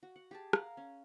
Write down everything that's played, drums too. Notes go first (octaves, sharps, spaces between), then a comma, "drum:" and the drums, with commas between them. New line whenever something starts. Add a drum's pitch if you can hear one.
F#4
F#5
G4 G#4 A5
A#4 F5 F#5, drum: rim click
C#4